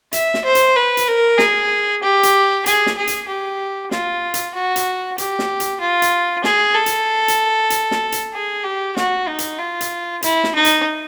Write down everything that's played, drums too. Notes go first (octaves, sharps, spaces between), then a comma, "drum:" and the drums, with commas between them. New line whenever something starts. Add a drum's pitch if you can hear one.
E5, drum: hi-hat
drum: snare
C5
drum: hi-hat
B4
drum: hi-hat
A#4
G#4, drum: snare
G4
drum: hi-hat
G#4, drum: hi-hat
drum: snare
G#4
drum: hi-hat
G4
F4, drum: snare
drum: hi-hat
F#4
drum: hi-hat
G4, drum: hi-hat
drum: snare
drum: hi-hat
F4
drum: hi-hat
G#4, drum: snare
A4
drum: hi-hat
drum: hi-hat
drum: hi-hat
drum: snare
drum: hi-hat
G#4
G4
F#4, drum: snare
D#4
drum: hi-hat
F4
drum: hi-hat
E4, drum: hi-hat
drum: snare
D#4
drum: hi-hat